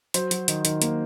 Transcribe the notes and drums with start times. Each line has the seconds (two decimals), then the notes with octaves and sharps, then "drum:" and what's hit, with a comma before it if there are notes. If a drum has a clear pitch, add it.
0.14 F#3 C5, drum: hi-hat
0.31 F#3, drum: hi-hat
0.48 D#3, drum: hi-hat
0.65 D#3, drum: hi-hat
0.82 A#3, drum: hi-hat